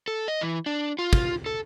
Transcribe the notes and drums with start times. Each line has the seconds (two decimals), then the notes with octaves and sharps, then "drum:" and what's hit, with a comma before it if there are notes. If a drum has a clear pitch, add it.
0.08 A4
0.28 D#5
0.41 E3
0.66 D4
0.99 F4
1.13 drum: kick
1.46 A4